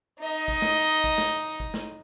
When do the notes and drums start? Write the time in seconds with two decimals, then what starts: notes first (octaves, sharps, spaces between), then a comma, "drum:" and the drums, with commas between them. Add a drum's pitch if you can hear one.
0.20 D#4 D#5
0.48 drum: kick G#1
0.62 drum: snare
1.04 drum: kick G#1
1.18 drum: snare
1.60 drum: kick G#1
1.74 drum: snare